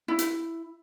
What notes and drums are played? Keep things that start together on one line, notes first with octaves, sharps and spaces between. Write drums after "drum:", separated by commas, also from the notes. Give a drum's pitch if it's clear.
E4
drum: hi-hat